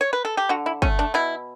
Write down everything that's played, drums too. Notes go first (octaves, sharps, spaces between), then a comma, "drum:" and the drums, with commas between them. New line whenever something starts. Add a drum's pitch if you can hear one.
C#5
B4
A4
G4
D3 F#4
E4
A3 C#4, drum: kick
D4
B2 E4